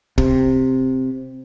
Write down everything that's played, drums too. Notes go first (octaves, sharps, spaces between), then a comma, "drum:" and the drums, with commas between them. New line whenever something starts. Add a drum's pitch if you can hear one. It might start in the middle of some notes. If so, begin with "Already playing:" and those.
C3, drum: kick